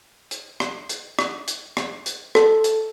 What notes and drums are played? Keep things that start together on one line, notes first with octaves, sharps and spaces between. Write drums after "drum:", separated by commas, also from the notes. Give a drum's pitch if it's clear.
drum: hi-hat
drum: rim click
drum: hi-hat
drum: rim click
drum: hi-hat
drum: rim click
drum: hi-hat
A4, drum: rim click
drum: hi-hat